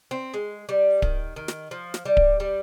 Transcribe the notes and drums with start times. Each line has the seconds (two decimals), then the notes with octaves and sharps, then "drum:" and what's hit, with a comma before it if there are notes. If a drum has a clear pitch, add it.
0.11 C4
0.34 G#3
0.69 G3
1.02 D#3, drum: kick D1
1.36 D#3
1.48 drum: snare
1.71 F3
1.94 drum: snare
2.05 G3
2.17 drum: kick D1
2.40 G3